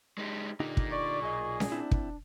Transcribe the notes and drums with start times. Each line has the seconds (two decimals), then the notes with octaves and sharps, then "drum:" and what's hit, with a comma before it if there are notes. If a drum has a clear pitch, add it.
0.18 G#3 D#4 G4
0.60 A#2 D3 D#4 F4 G4
0.77 drum: kick
0.92 D5 C#6
1.22 B1 G#4 D#5
1.60 drum: snare C#4
1.72 C4 D4 E4
1.91 drum: kick